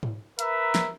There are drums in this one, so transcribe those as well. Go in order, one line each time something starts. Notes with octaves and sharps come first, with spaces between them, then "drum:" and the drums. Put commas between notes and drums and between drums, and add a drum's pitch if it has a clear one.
drum: tom G#2
A#4 B4 E5 A#5, drum: hi-hat
drum: snare